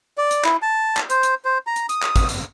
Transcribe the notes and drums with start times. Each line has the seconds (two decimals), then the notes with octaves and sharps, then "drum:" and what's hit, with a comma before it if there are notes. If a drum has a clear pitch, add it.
0.18 D5
0.31 drum: hi-hat
0.44 E4, drum: clap
0.62 A5
0.97 drum: clap
1.10 C5, drum: hi-hat
1.23 drum: hi-hat
1.45 C5
1.67 A#5
1.76 drum: hi-hat
1.89 D#6, drum: hi-hat
2.02 drum: clap
2.16 drum: kick, hi-hat
2.29 drum: hi-hat